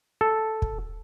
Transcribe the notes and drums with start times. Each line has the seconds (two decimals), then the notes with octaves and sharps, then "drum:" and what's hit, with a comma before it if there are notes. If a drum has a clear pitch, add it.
0.21 A4
0.62 drum: kick